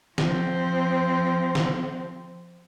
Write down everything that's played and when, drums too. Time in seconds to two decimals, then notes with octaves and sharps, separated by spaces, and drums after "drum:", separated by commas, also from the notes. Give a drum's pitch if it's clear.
0.18 F3 C4, drum: snare
1.55 drum: snare